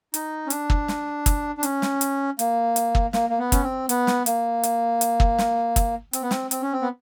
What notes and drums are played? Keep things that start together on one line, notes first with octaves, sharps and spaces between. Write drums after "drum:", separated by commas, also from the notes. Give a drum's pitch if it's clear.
D#4, drum: hi-hat
C#4
D4, drum: hi-hat
drum: kick
drum: snare
drum: kick, hi-hat
D4
C#4, drum: hi-hat
drum: snare
drum: hi-hat
A#3, drum: hi-hat
drum: hi-hat
drum: kick
A#3, drum: snare
A#3
B3
C#4, drum: kick, hi-hat
C4
B3, drum: hi-hat
drum: snare
A#3, drum: hi-hat
drum: hi-hat
drum: hi-hat
drum: kick
drum: snare
drum: kick, hi-hat
C4, drum: hi-hat
B3
C4, drum: snare
C4, drum: hi-hat
C#4
C4
B3